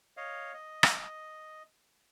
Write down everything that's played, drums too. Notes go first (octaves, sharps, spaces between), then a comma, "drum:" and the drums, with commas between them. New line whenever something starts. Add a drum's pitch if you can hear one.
C#5 D#5 F5
D#5
drum: rim click